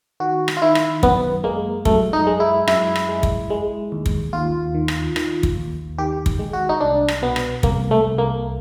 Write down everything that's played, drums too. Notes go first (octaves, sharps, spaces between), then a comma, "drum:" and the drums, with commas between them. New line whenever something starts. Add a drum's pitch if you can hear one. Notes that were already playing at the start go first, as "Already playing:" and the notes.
D#3 F#4
drum: rim click
F4
D#3 E4
drum: rim click
F#2 B3, drum: kick
G#3 A#3
F#2 A3, drum: kick
D#4
G#3
E4
F#2 E4, drum: rim click
drum: rim click
G#3
drum: kick
G#3
D#2
drum: kick
D#2 F4
D#3
drum: rim click
D#3, drum: rim click
drum: kick
D#2
D#3 G4
drum: kick
G#3
F#4
D#4
C2 D4
drum: rim click
B2 B3
drum: rim click
C2 A#3, drum: kick
A3
C2
A#3